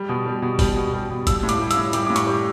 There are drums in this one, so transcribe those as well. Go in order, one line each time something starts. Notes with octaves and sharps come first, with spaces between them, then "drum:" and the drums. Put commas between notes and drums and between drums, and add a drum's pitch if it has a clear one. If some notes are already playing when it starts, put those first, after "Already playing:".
Already playing: G3
B2
G3
B2
G3, drum: kick, open hi-hat
B2
G3
B2
G3 E6, drum: kick, hi-hat
A2
D6, drum: hi-hat
G3
E6, drum: hi-hat
A2
G3 D6, drum: hi-hat
A2 D6
C#6, drum: hi-hat
G3